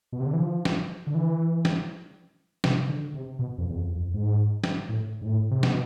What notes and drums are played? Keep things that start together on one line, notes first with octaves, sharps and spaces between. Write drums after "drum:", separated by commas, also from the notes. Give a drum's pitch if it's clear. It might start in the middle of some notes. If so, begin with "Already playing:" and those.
B2
C3
D3
E3
F3
drum: snare
D3
E3
drum: snare
C3, drum: snare
D3
C3
B2
F2
E2
F2
F2
G#2
drum: snare
A2
G#2
A2
C3
B2, drum: snare